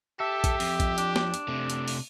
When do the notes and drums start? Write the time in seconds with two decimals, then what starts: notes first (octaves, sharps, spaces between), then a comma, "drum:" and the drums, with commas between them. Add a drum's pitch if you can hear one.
0.20 G4 A4 E5
0.44 drum: kick A#1, hi-hat
0.60 F2, drum: open hi-hat
0.80 drum: kick A#1, hi-hat
0.98 D4, drum: hi-hat
1.16 drum: snare
1.34 drum: hi-hat
1.48 C3 A3
1.70 drum: hi-hat
1.88 drum: open hi-hat